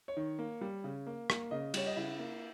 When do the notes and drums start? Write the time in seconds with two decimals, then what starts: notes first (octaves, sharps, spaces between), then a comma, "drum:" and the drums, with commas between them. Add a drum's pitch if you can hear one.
0.08 C#5
0.17 D#3
0.39 A#3
0.61 G3
0.84 C#3
1.07 A#3
1.30 A#3, drum: rim click
1.51 C#3 D#5
1.74 G3 C#5, drum: cymbal
1.87 D#5
1.96 C#3 E4 E5
2.19 A#3